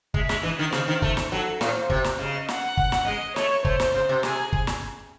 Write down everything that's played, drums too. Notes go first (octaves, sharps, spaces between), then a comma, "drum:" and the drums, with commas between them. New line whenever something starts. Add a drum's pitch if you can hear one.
G#3 E5, drum: kick
G#3, drum: snare
E3 D#5
D#3
C#3 C5, drum: snare
D#3
A3, drum: kick
drum: snare
F#3 A4
A2 C5, drum: snare
C3, drum: kick
drum: snare
C#3 D#5
F#5, drum: snare
drum: kick
drum: snare
G#3 D#5
A3 C#5, drum: snare
A3 C5, drum: kick
drum: snare
C#3
C3
C3 G#4, drum: snare
drum: kick
drum: snare